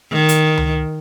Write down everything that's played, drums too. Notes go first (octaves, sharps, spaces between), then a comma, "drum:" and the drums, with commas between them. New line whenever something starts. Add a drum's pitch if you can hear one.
D#3
drum: hi-hat
drum: tom C#2